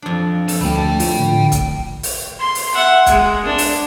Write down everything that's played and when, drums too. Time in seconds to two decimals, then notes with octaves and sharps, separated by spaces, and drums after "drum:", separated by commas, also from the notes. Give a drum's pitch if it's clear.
0.02 F2 D4
0.48 A4, drum: open hi-hat
0.61 D2 A3 G5 B5
0.76 A4 A5
1.00 F4, drum: open hi-hat
1.18 A2 D3
1.52 drum: kick, hi-hat
2.03 drum: open hi-hat
2.39 C6
2.55 drum: open hi-hat
2.74 E5 F#5
3.06 G#3, drum: kick, hi-hat
3.45 D4
3.58 drum: open hi-hat